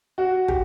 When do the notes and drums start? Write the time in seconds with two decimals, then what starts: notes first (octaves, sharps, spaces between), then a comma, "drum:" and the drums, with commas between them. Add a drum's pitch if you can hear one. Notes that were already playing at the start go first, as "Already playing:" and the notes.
0.18 F#4
0.48 G4, drum: kick